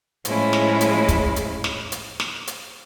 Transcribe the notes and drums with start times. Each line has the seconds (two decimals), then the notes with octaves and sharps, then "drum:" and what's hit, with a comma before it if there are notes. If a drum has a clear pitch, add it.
0.25 A2 F3 G#3 C#4 E4, drum: hi-hat
0.53 drum: snare
0.81 drum: hi-hat
1.08 drum: kick, hi-hat
1.36 drum: hi-hat
1.64 drum: snare
1.92 drum: hi-hat
2.20 drum: snare
2.47 drum: hi-hat